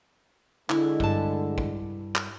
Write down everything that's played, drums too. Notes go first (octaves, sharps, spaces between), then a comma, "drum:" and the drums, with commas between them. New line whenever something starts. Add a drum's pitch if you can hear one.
D3 G#3 E4, drum: clap
G2 A5, drum: kick
drum: kick
drum: clap